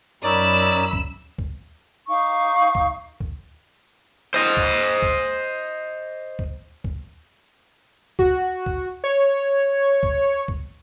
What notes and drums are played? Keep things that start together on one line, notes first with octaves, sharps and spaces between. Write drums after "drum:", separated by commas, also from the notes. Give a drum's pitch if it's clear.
F#2 D#4 A#4 C#5 D5 B5 E6
drum: kick
drum: kick
D#4 F5 C#6 D6
drum: kick
drum: kick
C5 D#5
drum: kick
drum: kick
drum: kick
drum: kick
F#4, drum: kick
drum: kick
C#5
drum: kick
drum: kick